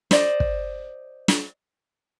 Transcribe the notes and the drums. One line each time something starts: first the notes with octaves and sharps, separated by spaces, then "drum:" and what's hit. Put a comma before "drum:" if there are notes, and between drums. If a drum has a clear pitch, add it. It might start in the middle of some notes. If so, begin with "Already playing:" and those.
C5 D5 D#5, drum: snare
drum: kick
drum: snare